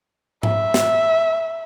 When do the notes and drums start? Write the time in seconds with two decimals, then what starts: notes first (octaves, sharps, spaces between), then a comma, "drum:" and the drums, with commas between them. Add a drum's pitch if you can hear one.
0.43 E5, drum: tom G#2
0.74 drum: snare